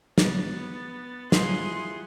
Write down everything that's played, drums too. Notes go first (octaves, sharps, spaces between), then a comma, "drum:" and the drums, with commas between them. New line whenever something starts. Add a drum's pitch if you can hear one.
B3 A6, drum: snare
G3 E4 F4 G#4 F#5 C6, drum: snare